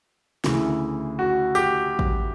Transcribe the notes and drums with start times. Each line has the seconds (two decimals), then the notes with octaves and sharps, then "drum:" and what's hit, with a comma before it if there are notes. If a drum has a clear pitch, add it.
0.44 D2 C#3 E3, drum: snare
1.19 F#4
1.55 G4, drum: tambourine
1.99 drum: kick